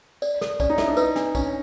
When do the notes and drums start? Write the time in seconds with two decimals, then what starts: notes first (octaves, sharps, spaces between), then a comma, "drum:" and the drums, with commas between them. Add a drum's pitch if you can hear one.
0.22 D5, drum: tambourine
0.41 A4, drum: snare
0.60 C#4 D5, drum: kick B1, tambourine
0.70 D#4
0.78 E4 A4, drum: snare
0.88 D4
0.97 D#4 B4, drum: tambourine
1.16 D4, drum: snare
1.35 C#4 D4, drum: kick B1, tambourine